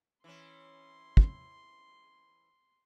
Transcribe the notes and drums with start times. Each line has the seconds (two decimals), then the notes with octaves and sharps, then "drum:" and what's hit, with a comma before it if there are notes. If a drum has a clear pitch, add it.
0.24 E3 C#4 C6
1.17 drum: kick